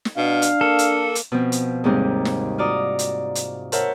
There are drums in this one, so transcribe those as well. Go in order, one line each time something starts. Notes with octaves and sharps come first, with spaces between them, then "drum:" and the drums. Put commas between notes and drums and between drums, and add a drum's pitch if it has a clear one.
drum: snare
B2 D4 F5
drum: hi-hat
A#3 A4
drum: hi-hat
drum: hi-hat
B2 F3 C4
drum: hi-hat
D#2 G#2 C3 G3 C4
drum: snare
F4 F#4 D5 A#5 D#6
drum: hi-hat
drum: hi-hat
A#4 C5 C#5 E5 F#5 A5, drum: hi-hat